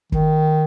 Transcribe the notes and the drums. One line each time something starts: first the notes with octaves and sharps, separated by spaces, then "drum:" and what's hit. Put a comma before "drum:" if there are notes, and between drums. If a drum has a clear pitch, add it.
D#3, drum: kick